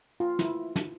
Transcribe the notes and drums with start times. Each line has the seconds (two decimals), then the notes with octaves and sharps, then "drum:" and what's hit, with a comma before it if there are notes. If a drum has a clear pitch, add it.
0.20 F4
0.39 E4, drum: snare
0.76 drum: snare